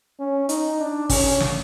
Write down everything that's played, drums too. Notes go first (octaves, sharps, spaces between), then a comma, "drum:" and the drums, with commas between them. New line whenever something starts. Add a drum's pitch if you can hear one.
C#4
D#4, drum: hi-hat
D4
C#4, drum: kick, open hi-hat
drum: snare